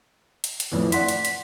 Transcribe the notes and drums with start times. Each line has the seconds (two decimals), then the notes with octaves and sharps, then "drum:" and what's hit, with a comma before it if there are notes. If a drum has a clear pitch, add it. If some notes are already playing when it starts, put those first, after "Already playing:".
0.44 drum: hi-hat
0.60 drum: hi-hat
0.72 F2 A2 E3
0.92 D5 F#5 C6 B6, drum: hi-hat
1.08 drum: hi-hat
1.25 drum: hi-hat